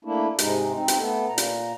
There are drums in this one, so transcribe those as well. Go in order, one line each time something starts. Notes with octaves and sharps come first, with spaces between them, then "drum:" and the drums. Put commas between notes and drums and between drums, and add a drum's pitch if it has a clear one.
A3 A#3 D4 E4
G#2 C3 G#3 D#4, drum: hi-hat
C4 D#4
drum: hi-hat
A3 B3 A4
A#2 A#5
drum: hi-hat